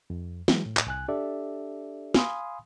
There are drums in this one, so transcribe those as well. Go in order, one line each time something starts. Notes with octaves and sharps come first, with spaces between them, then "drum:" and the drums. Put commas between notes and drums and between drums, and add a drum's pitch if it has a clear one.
F2
E3 F#3 G#3, drum: snare
A2
drum: clap
C2 G#5 F#6
D4 G4 A4 D5 E5
F5 G#5 B5 C6 D#6, drum: snare